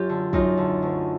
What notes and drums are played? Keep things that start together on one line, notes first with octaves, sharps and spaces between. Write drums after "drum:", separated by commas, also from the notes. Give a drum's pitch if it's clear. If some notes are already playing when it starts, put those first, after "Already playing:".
Already playing: F#2 F4 G4
D3
F#2 D#4 F4, drum: kick
D3
D2